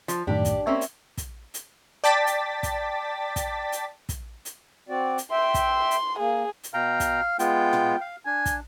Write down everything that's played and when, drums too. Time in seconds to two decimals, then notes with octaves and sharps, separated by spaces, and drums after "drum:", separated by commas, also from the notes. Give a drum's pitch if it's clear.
0.08 F3, drum: hi-hat
0.27 F#2 A2 D#3 D4 G4
0.45 drum: kick, hi-hat
0.67 A#3 C4 C#4 E5
0.81 drum: hi-hat
1.17 drum: kick, hi-hat
1.54 drum: hi-hat
2.04 D5 G5 A5 D6 A6 B6
2.27 drum: hi-hat
2.63 drum: kick, hi-hat
3.36 drum: kick, hi-hat
3.72 drum: hi-hat
4.09 drum: kick, hi-hat
4.45 drum: hi-hat
4.89 C4 F#4 D5
5.18 drum: hi-hat
5.32 E5 G5 C6
5.54 drum: kick, hi-hat
5.91 drum: hi-hat
6.19 A#3 G#4
6.64 drum: hi-hat
6.74 B2 F5 G5 A#5
7.00 drum: kick, hi-hat
7.39 G#3 B3 F4 G5, drum: hi-hat
7.73 drum: tom A#2
8.01 F5
8.26 D4 G#5
8.46 drum: kick, hi-hat